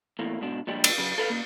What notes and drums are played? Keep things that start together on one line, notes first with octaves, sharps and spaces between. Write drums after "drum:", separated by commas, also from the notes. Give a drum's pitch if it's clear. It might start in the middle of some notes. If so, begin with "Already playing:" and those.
E2 A2 A#3
G#2 B2 D4
A#2 F3 G3 G#3 D4
drum: cymbal
F#2 C#3
A4 B4 F5
C#3 A#3